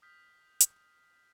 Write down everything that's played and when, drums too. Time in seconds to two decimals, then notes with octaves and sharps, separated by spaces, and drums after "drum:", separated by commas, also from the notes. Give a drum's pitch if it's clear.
0.02 D#6 F6 G6 B6
0.60 drum: hi-hat